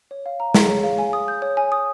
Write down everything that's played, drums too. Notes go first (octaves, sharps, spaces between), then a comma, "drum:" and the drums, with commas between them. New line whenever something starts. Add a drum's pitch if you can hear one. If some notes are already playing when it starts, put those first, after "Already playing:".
C#5
F5
A#5
G#4, drum: snare
C#5
F5
G#5
D#6
G6
C#5
G#5
D#6